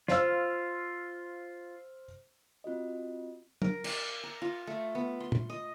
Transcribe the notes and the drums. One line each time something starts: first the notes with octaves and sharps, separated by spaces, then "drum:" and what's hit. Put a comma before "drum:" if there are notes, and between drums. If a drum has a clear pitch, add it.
F4 C5 F5 E6, drum: snare
C4 F4 F#4 D#5
A#4, drum: tom
D5, drum: cymbal
A#5
F4
A3
B3
C6
drum: tom
D#5